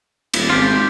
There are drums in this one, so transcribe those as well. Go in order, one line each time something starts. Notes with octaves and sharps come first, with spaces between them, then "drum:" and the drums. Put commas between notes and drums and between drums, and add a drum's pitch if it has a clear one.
D#1, drum: cymbal
G#1 F4 G4